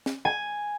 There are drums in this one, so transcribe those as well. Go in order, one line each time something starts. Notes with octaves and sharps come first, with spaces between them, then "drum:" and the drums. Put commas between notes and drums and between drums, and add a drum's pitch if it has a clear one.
drum: snare
G#5